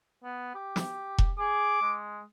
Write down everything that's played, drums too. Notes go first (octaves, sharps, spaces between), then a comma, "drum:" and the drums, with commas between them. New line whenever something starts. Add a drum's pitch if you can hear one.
B3
G4
drum: snare
drum: kick E1
G#4 D6
G#3